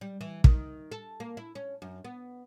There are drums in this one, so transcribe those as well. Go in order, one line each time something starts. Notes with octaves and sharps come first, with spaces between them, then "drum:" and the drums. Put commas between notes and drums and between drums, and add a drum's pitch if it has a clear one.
G3
E3
D#3, drum: kick
A4
A#3
E4
C#4
F#2
B3